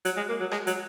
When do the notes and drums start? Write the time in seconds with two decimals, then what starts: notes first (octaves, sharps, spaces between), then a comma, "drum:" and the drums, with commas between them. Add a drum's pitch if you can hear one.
0.05 F#3, drum: hi-hat
0.17 G#3
0.29 A#3
0.40 F#3
0.51 G#3, drum: rim click
0.67 F#3, drum: hi-hat